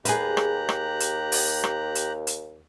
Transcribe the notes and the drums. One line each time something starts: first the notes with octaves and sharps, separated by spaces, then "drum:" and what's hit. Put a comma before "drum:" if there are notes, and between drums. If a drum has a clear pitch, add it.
D#2 G4 G#4 B4 A#5 F#6, drum: hi-hat
drum: rim click
drum: rim click
drum: hi-hat
drum: open hi-hat
drum: rim click
drum: hi-hat
drum: hi-hat